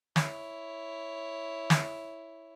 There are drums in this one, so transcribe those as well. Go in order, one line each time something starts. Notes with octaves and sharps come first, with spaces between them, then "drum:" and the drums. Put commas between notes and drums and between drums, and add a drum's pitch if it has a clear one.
E4 C#5, drum: snare
drum: snare